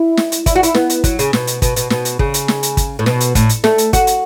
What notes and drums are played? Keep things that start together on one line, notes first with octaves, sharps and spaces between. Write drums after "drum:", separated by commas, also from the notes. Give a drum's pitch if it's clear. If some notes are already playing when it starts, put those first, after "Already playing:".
Already playing: E4
drum: snare
drum: hi-hat
E4, drum: kick, hi-hat
F#4
E4, drum: hi-hat
B3, drum: snare
drum: hi-hat
F#3, drum: kick, hi-hat
C#3, drum: hi-hat
B2, drum: snare
drum: hi-hat
B2, drum: kick, hi-hat
B2, drum: hi-hat
B2, drum: snare
drum: hi-hat
C#3, drum: kick
drum: hi-hat
drum: snare
drum: hi-hat
drum: kick, hi-hat
A2
B2, drum: snare
drum: hi-hat
A2, drum: kick, hi-hat
drum: hi-hat
A3, drum: snare
drum: hi-hat
F#4, drum: kick, hi-hat
drum: hi-hat